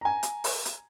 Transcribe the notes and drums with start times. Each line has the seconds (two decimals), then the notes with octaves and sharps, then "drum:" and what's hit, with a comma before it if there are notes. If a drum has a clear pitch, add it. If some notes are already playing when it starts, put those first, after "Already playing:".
0.01 G#5 A#5
0.23 drum: hi-hat
0.44 drum: open hi-hat
0.65 drum: hi-hat